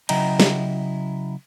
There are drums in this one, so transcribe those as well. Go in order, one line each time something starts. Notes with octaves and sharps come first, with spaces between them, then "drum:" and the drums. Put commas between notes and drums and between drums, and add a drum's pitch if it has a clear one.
C#3 F#3 E4 D#5 G5 A#5, drum: cymbal
drum: snare